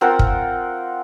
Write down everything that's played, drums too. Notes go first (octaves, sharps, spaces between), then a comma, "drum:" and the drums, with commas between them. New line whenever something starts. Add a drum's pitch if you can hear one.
C4 F4 A#4 F#5
drum: kick